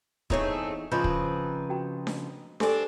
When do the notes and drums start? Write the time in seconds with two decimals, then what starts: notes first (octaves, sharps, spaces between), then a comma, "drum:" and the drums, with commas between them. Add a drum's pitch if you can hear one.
0.30 E2 A3 C4 D#4 G#4 C#5, drum: kick
0.92 C#3 F3 C4 D#4 B4
1.04 drum: kick
1.69 F#4 G5 A#5
2.07 drum: snare D4
2.60 C4 D4 G4 A4 G#5, drum: snare D4